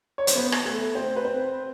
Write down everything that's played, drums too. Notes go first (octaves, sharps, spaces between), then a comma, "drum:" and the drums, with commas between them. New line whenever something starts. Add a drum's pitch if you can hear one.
C#5
C5, drum: hi-hat
B3 B4
drum: rim click
A3 A4
C4 C5
B4
C4 C5